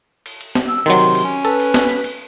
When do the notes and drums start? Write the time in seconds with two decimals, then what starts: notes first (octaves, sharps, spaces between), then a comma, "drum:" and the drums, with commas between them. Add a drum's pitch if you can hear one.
0.26 drum: cymbal
0.41 drum: cymbal
0.55 drum: snare
0.68 E6
0.86 C3 D#3 F#3 C6, drum: cymbal
1.00 drum: cymbal
1.15 drum: cymbal
1.24 C#4
1.45 A4 B4, drum: cymbal
1.59 drum: cymbal
1.74 drum: snare
1.89 drum: cymbal
2.04 drum: cymbal